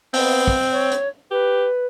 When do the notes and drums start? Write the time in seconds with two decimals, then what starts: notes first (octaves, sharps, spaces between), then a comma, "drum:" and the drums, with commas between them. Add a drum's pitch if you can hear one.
0.13 B3 C4, drum: open hi-hat
0.48 drum: kick
0.72 C#5
0.91 drum: hi-hat
1.31 G4 B4